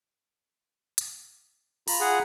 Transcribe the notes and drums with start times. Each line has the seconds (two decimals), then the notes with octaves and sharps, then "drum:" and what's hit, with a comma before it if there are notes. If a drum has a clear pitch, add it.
0.98 drum: hi-hat
1.88 F4 A#5 B5, drum: open hi-hat
2.00 G#4 F#5